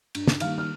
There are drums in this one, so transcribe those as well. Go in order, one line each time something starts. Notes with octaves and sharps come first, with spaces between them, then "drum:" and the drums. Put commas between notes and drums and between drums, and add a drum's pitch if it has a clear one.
G2, drum: cymbal
drum: snare
D#3 G3 A#3 F5 F6, drum: cymbal
F6